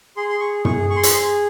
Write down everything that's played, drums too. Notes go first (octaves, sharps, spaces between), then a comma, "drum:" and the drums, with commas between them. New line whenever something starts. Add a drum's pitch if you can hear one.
G#4 C6
C6
G#4 C#6
G#4 C#6, drum: tom
G#4 C#6
C6
C#6, drum: hi-hat
G#4 C6